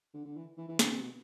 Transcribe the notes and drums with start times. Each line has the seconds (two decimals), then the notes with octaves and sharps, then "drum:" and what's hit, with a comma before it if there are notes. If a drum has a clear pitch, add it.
0.14 D3
0.25 D3
0.36 E3
0.57 E3
0.68 E3
0.79 D3, drum: snare
0.90 C3
1.01 B2